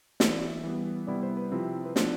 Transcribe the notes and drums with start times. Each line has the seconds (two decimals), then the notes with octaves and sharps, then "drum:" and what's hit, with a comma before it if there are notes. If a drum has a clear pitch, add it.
0.20 E3 B3 E4 C5, drum: snare
0.31 D5
0.42 E5
0.63 E3 G3 B3
1.07 C3 G3 B3 E4 D5
1.23 C5
1.37 B4
1.52 C3 F3 C4 E4
1.85 B4
1.96 F3 B3 D4 C5, drum: snare